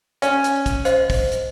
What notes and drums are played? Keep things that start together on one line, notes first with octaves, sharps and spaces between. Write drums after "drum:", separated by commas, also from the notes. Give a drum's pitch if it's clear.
C#4, drum: hi-hat
drum: hi-hat
drum: kick, hi-hat
C5 D#5 F5, drum: hi-hat
drum: kick, open hi-hat
drum: hi-hat